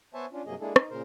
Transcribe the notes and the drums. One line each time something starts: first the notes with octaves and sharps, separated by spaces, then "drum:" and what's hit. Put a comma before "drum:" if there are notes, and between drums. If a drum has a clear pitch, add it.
B3 C5 C#5 E5 G#5 A5
C#4 D4 F4
G2 C3 F#3 A#3 G#4 D#5
G#3 A#3 D4 E4 G#4 A4
D#4, drum: rim click
A#2 C#3 A#4 C5